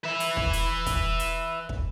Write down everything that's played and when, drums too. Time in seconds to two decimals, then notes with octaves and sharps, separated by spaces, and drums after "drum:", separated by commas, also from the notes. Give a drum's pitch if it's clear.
0.04 B4 E5
0.20 drum: hi-hat
0.37 drum: kick
0.53 drum: hi-hat
0.86 drum: kick, hi-hat
1.19 drum: hi-hat
1.69 drum: kick